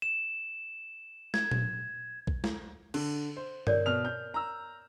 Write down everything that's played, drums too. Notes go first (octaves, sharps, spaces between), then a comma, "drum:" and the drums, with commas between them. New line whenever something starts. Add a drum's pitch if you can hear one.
E7
G#6, drum: snare
drum: tom A#2
drum: kick A#1
drum: snare
D3, drum: cymbal
C5
A#4 C#5 D5, drum: tom G2
B2 F6 F7
G6
A#5 E6